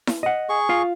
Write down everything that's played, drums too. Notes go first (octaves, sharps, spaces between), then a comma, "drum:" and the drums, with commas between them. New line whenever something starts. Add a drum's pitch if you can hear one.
drum: snare E4
D#5 F#5
G#4 C#6
F4 F5